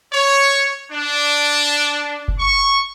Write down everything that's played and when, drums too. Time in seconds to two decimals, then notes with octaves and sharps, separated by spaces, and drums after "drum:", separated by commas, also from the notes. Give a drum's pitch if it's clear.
0.13 C#5
0.92 D4
2.28 drum: kick F#1
2.39 C#6